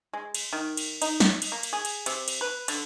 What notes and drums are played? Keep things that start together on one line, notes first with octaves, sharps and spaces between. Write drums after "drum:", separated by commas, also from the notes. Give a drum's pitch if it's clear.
G#3
drum: cymbal
D#3
drum: cymbal
D#4, drum: cymbal
drum: snare
drum: cymbal
A#3
drum: cymbal
G#4
drum: cymbal
C3, drum: cymbal
drum: cymbal
B4
D3, drum: cymbal